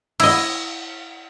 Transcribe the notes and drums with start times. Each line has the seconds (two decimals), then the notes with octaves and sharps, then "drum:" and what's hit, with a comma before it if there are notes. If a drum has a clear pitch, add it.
0.20 E4 D#5, drum: cymbal